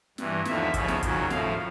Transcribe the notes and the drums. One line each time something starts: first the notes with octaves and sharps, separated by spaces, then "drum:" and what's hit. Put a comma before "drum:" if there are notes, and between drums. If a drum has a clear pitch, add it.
G2 E3, drum: snare
D#2 D3 F3 E5, drum: snare
D2 C#3 F3, drum: kick, hi-hat
drum: snare
D#2 C#3 F#3, drum: kick, hi-hat
A2 F3 F5, drum: snare